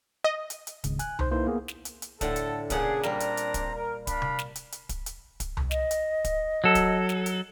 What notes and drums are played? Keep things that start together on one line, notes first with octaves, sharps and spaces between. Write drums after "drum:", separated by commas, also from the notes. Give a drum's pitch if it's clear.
D#5
drum: hi-hat
drum: hi-hat
G#1 C#2 C#3, drum: kick, hi-hat
G#5 F#6, drum: hi-hat
D#4 C5, drum: tom C2
A#3 D#4 E4 B4 C5
A#3 B3 G#4
drum: snare
drum: hi-hat
drum: hi-hat
A2 D3 A4 F#5, drum: kick, hi-hat
drum: hi-hat
A#2 C#3 D4 G#4 F#5, drum: kick, hi-hat
G3 A#3 C4 D4 A#5, drum: snare
drum: hi-hat
drum: hi-hat
drum: kick, hi-hat
A#4
D4 F5 B5, drum: kick, hi-hat
drum: tom C3
drum: snare
drum: hi-hat
drum: hi-hat
drum: kick, hi-hat
drum: hi-hat
drum: kick, hi-hat
drum: tom C2
D#5, drum: snare
drum: hi-hat
drum: kick, hi-hat
F#3 A4
drum: kick, hi-hat
drum: snare
drum: hi-hat